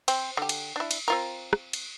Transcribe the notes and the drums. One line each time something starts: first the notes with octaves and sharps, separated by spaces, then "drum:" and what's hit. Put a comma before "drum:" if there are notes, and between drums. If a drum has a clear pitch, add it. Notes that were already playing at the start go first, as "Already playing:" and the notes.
C4, drum: cymbal
D3 G4
drum: cymbal
D4 E4
drum: cymbal
C4 F4 A#4
drum: rim click
drum: cymbal